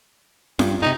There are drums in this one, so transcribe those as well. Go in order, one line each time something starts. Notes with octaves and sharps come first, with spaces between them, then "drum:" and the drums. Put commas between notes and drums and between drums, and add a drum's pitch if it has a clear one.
G2, drum: snare F4
G#2 C3 D#4